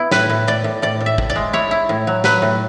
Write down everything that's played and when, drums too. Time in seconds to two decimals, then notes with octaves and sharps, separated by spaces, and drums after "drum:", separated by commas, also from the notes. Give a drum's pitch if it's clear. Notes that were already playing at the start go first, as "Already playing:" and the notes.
Already playing: B3 E4
0.11 A2 B4, drum: snare
0.30 A2
0.47 A2 D5
0.64 A2
0.82 A2 D5
1.00 A2
1.06 E5
1.18 A2, drum: kick
1.30 D5
1.36 G#3
1.53 E4 C#5
1.71 E4
1.89 A2
2.07 F#3
2.24 F#3 B4, drum: snare
2.42 A2